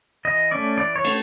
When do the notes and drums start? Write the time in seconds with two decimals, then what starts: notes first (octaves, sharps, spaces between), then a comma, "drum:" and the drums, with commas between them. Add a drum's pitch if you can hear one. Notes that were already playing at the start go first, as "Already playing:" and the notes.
0.25 E3 D#5
0.51 A3 C#4 D5
0.77 E3 D5
0.96 C#5
1.05 A3, drum: cymbal